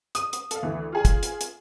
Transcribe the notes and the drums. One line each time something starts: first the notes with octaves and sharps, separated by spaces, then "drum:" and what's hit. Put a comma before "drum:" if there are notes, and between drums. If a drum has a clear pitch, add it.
D#6 D#7, drum: hi-hat
drum: hi-hat
A4 F5, drum: hi-hat
D2 E3
F4 G#4 G#5
drum: kick, hi-hat
drum: hi-hat
drum: hi-hat